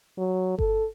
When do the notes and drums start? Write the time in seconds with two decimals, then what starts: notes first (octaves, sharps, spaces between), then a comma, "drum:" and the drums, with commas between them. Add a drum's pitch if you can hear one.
0.17 F#3
0.59 A4, drum: kick G1